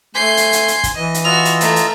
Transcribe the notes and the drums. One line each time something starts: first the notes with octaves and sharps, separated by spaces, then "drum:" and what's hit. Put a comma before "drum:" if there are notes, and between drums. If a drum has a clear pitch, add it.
A3 G#5 C6 G6 C7
drum: hi-hat
drum: hi-hat
drum: hi-hat
drum: kick, hi-hat
E3 D#5
drum: hi-hat
F4 F#4 D#5 E6 F7
drum: hi-hat
A3 A#5, drum: hi-hat
drum: hi-hat